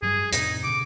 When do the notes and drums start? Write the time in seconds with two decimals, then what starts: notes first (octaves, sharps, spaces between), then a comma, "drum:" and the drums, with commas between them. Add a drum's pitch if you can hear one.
0.03 G2 F#3 G3 G#4
0.32 F2 A2 C3 D#4, drum: hi-hat
0.64 B2 D3 D6